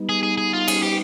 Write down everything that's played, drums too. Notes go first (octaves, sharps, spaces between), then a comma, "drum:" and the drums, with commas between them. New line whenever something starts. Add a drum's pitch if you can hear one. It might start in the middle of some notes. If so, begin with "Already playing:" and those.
Already playing: G3 B3 D#4
G#4
G#4
G#4
F4
G#4, drum: cymbal
G4